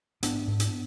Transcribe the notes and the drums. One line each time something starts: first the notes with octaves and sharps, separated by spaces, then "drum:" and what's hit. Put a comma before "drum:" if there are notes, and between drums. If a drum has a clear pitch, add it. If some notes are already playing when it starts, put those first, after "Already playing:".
G#2 B3 D4, drum: hi-hat
G#2
drum: hi-hat